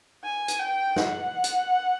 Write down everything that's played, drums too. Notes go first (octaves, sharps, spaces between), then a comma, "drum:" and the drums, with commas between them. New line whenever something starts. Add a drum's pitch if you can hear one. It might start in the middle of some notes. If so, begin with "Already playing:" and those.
G#5
drum: hi-hat
G5
F#5, drum: snare
drum: hi-hat